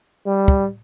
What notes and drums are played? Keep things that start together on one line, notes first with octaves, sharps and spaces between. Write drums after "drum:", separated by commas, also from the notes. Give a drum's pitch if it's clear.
G3
drum: kick